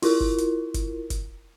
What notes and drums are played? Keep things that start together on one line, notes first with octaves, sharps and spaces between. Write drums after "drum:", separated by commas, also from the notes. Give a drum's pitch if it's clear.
E4 F4 A#4, drum: open hi-hat
drum: kick F#1
drum: hi-hat
drum: kick F#1, hi-hat
drum: kick F#1, hi-hat